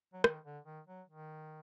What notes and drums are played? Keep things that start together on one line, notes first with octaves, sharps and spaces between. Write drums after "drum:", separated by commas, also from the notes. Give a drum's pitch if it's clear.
F#3
D#3, drum: rim click
D3
D#3
F#3
D#3